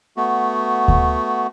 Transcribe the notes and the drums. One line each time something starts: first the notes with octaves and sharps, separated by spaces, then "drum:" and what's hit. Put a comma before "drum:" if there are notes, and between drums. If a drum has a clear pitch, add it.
A3 B3 F#4
drum: kick D2